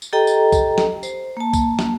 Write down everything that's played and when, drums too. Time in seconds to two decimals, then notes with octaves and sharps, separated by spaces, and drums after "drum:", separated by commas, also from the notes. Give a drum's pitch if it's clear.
0.02 drum: tambourine
0.13 G4 A4 D#5 G5 A#5
0.27 drum: tambourine
0.52 drum: kick, tambourine
0.78 drum: snare
1.03 C5, drum: tambourine
1.37 A#3 A5
1.53 drum: kick, tambourine
1.79 drum: snare